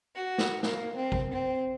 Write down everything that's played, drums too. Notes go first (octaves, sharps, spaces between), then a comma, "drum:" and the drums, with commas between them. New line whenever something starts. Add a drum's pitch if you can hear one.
F#4
drum: snare
A#3, drum: snare
C4
drum: kick A1
C4